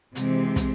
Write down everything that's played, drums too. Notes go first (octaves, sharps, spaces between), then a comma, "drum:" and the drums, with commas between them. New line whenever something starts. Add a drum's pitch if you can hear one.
C3 E3 G#3 C4, drum: hi-hat
drum: kick, hi-hat